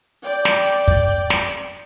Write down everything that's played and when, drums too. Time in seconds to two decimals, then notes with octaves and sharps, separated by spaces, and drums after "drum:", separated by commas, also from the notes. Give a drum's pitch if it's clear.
0.24 D5 G5
0.45 drum: snare
0.88 drum: kick
1.30 drum: snare